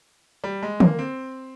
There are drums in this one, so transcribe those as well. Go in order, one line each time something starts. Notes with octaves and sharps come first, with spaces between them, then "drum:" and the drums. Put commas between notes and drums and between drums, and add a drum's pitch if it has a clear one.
G3
G#3
A#3, drum: tom
C4